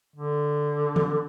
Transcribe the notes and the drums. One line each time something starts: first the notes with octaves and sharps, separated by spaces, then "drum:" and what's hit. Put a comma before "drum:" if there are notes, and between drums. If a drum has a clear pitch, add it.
D3
drum: tom E3